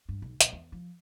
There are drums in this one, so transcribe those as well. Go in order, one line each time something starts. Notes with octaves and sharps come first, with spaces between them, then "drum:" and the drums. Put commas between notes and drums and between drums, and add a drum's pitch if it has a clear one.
G2
B1
A#1, drum: hi-hat
E2
F3